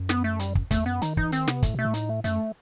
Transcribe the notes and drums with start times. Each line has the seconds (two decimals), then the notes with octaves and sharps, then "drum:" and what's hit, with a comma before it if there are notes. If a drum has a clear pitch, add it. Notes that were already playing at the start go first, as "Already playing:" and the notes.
Already playing: F#2
0.09 B3, drum: snare
0.24 A3
0.39 G3, drum: hi-hat
0.55 drum: kick
0.71 E2 A3, drum: kick, hi-hat
0.86 F#2 B3
1.02 D#3 D#4, drum: hi-hat
1.17 E3 D#4, drum: kick
1.32 D#3 C4, drum: hi-hat
1.47 C3 B3, drum: snare
1.63 A2 A3, drum: kick, hi-hat
1.74 B2 A3
1.85 A2
1.94 D#4, drum: hi-hat
2.09 A3
2.24 F#2 A3, drum: hi-hat